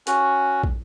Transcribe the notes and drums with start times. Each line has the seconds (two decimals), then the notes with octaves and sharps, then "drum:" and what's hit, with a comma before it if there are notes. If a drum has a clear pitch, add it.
0.07 C#4 F#4, drum: hi-hat
0.64 drum: kick